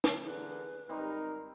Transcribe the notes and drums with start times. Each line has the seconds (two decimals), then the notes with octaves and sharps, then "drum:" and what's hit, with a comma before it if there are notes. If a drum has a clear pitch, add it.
0.04 drum: snare
0.23 D3 E3 G#4 A#4 B4
0.89 G#1 G3 C4 D#4 A#4